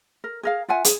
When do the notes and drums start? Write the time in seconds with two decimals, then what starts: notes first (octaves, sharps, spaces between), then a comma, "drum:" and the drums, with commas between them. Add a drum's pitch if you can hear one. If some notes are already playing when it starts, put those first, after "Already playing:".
0.24 A#4
0.43 G#4 A#4 F5
0.68 F4 E5 F#5 G#5
0.84 G#4, drum: hi-hat